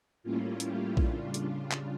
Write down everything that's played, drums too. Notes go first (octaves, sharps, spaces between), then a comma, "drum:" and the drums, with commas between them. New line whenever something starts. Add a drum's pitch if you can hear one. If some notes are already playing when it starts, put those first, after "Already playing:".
A2 G3 A#3 C#4 E4 F4
G4, drum: hi-hat
C#3 G3 D4 F4, drum: kick A#1
drum: hi-hat
drum: clap